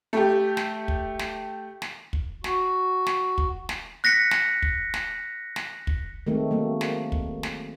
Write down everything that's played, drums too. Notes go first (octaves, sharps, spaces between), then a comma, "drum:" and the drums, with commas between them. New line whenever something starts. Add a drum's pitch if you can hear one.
A3 G4
drum: snare
drum: kick
drum: snare
drum: snare
drum: kick
F#4, drum: snare
drum: snare
drum: kick
drum: snare
F#6 A#6 B6 C#7
drum: snare
drum: kick
drum: snare
drum: snare
drum: kick
D#3 G#3 A3 C4
F#3 A3 A#3
drum: snare
drum: kick
drum: snare